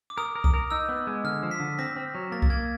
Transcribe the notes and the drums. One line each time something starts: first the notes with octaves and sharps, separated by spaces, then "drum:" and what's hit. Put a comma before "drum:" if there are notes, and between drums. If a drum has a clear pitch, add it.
D6
A#4 D#6
A#4
D#6, drum: kick C2
A#4
D#4 E6
B3
G#3
D3 F6
F3
B6
D3
C4 A#6
C4
F#3
A#3 A6
A6, drum: kick C2
A#3 G#6